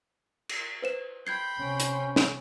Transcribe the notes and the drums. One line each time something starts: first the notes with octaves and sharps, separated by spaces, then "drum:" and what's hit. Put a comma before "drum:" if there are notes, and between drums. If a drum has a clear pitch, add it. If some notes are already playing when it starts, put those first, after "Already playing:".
drum: cymbal
B4 C5 E7
G5 B5 C6 G6 G#6 C7
C3 C#4
drum: hi-hat
drum: snare